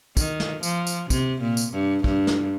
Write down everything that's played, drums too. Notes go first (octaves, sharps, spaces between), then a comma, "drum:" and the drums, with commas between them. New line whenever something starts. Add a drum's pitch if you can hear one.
D#3, drum: kick, tambourine
drum: snare
F3, drum: tambourine
drum: tambourine
C3, drum: kick, tambourine
A#2
drum: tambourine
G2
G2, drum: kick
drum: snare